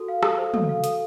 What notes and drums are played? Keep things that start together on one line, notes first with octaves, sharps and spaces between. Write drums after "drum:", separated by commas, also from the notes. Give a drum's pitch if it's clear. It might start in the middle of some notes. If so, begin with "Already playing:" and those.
Already playing: F#4 A4
F5
A4, drum: rim click
C5
A4, drum: tom
F5
A4, drum: hi-hat